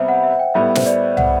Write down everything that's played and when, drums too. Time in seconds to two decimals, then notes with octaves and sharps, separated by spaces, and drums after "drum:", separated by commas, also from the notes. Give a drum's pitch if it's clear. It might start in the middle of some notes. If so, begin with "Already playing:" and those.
Already playing: C3 G3 B3 C5 E5
0.08 F#5
0.23 E5
0.39 G5
0.54 A2 G3 B3 E5
0.75 C5, drum: snare
0.86 D5
1.17 F#5, drum: tom